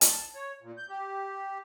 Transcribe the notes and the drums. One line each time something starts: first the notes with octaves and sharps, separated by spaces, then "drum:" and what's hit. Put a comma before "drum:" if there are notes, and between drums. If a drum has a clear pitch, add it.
A5, drum: hi-hat
C#5
A#2
G6
G4